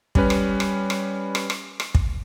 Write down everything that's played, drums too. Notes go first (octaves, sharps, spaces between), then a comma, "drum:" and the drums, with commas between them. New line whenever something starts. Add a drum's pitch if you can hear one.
G3 C#4 B4, drum: kick
drum: rim click
drum: rim click
drum: rim click
drum: rim click
drum: rim click
drum: rim click
drum: kick